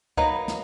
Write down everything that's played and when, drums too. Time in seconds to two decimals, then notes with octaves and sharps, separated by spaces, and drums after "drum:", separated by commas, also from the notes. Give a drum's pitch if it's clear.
0.17 F#3 A#3 D#4 B4, drum: kick
0.48 drum: snare